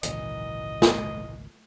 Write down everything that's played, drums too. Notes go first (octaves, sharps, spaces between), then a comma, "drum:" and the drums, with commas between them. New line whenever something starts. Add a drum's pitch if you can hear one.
G#1 C#2 A#2 E3 F#3 D#5, drum: hi-hat
drum: snare